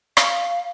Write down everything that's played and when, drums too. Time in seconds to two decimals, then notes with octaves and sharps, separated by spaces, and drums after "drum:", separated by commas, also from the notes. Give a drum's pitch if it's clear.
0.17 F5, drum: rim click